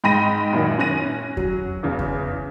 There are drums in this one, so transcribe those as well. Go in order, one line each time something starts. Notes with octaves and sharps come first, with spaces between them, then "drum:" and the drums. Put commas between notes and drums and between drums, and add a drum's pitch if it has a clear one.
G#2 G5 B5 A#6 D#7
F#2 A#2 D#3
C#4 F#6 A#6 D#7
F#3, drum: kick F2
E2 C#3
drum: kick F2